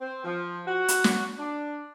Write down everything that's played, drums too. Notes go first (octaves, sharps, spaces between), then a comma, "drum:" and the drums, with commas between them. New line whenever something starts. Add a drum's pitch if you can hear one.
C4
F3
F#4
drum: hi-hat
drum: snare
D4